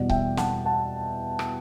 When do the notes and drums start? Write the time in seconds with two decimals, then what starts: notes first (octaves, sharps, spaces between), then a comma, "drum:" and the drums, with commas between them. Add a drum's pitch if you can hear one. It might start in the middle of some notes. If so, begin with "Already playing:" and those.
Already playing: E2 B2 G3 D5 F#5
0.09 E5 G5, drum: kick C#1
0.37 F#5 A5, drum: snare
0.65 F#5 A5
1.39 drum: rim click